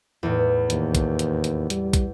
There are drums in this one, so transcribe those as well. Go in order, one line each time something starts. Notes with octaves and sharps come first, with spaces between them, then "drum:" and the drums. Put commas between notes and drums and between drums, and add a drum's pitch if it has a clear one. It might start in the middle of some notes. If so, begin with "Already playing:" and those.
E2 A2
D#2, drum: hi-hat
drum: kick, hi-hat
drum: hi-hat
drum: hi-hat
G3, drum: hi-hat
drum: kick, hi-hat